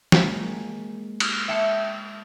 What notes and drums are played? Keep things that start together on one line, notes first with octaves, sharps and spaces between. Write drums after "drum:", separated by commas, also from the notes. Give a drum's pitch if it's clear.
G#3 A#3, drum: snare
drum: cymbal
E5 G5 A5 G6 C#7 E7